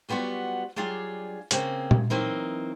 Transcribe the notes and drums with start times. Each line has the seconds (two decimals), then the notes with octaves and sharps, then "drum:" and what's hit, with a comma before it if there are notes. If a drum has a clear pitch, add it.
0.09 F#3 G3 B3 F4 F#4
0.76 F#3 G3 D4 F4 G#4
1.51 C#3 A#3 C4 C#4, drum: hi-hat
1.91 drum: tom A#2
2.10 E3 F#3 A#3 C4 D#4